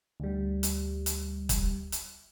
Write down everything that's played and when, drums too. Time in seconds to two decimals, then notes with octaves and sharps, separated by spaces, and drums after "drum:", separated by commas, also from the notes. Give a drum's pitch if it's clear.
0.20 D2 G3
0.63 drum: hi-hat
1.06 drum: hi-hat
1.49 drum: kick, hi-hat
1.92 drum: hi-hat